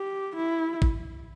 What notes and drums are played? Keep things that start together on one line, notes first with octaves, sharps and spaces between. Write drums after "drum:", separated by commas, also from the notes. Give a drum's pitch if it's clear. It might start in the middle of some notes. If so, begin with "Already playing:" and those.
Already playing: G4
E4
drum: kick